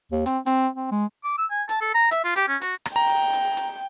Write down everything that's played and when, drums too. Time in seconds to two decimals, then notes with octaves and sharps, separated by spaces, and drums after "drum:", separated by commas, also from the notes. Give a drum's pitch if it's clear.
0.12 D#2
0.26 C4, drum: hi-hat
0.46 C4, drum: hi-hat
0.76 C4
0.91 G#3
1.24 D6
1.38 E6
1.50 G#5
1.69 A5, drum: hi-hat
1.81 A4
1.94 A#5
2.11 E5, drum: hi-hat
2.24 F4
2.36 G4, drum: hi-hat
2.48 C#4
2.62 F#4, drum: hi-hat
2.85 drum: rim click
2.96 G5 A#5
3.09 drum: hi-hat
3.33 drum: hi-hat
3.57 drum: hi-hat